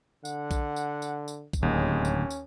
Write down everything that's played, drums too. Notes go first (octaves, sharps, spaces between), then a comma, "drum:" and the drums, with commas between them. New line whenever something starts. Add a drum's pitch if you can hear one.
D3 F#5, drum: tambourine
drum: kick A#1, tambourine
drum: tambourine
drum: tambourine
drum: tambourine
drum: kick A#1, tambourine
D1 D#2 G#3 C#4
drum: tambourine
drum: tambourine